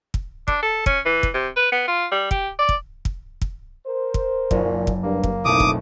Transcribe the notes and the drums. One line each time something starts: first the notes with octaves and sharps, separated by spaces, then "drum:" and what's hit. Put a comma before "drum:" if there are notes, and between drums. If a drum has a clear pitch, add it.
drum: kick
D4, drum: kick
A4
C#4, drum: kick
E3
drum: kick
C3
B4
B3
F4
G3
G4, drum: kick
D5
drum: kick
drum: kick
drum: kick
A#4 C5
drum: kick
F#1 A#2, drum: kick
drum: kick
G2 A#3
drum: kick
B1 A#2 A3 C4 E4 D6 D#6
drum: kick